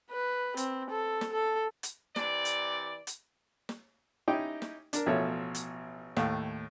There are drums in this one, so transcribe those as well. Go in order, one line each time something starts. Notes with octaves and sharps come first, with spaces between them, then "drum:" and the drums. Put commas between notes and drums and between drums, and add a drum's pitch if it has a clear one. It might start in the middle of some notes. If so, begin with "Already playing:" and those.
B4
C4, drum: hi-hat
A4
drum: snare
A4
drum: hi-hat
C3 E3 D5, drum: snare
drum: hi-hat
drum: hi-hat
drum: snare
C#4 D#4 E4 G4 D#5 G5
drum: snare
D4 A#4, drum: hi-hat
A1 B2 F3 A4 C#5 E5
drum: hi-hat
D#2 A2 F5, drum: snare